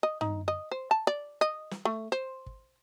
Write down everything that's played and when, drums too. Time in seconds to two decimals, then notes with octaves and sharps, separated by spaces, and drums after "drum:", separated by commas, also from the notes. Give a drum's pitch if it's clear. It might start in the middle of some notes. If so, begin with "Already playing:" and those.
0.03 D#5
0.21 D#4, drum: tom
0.48 D#5
0.71 C5
0.91 A5
1.07 D5
1.41 D#5
1.71 drum: snare
1.85 A3
2.12 C5
2.46 drum: kick